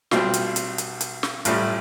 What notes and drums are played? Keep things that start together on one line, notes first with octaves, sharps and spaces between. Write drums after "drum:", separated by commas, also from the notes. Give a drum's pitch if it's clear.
B1 B2 G3 C4 F4, drum: snare
drum: hi-hat
drum: hi-hat
drum: hi-hat
drum: hi-hat
drum: snare
A1 A2 G3 F4, drum: hi-hat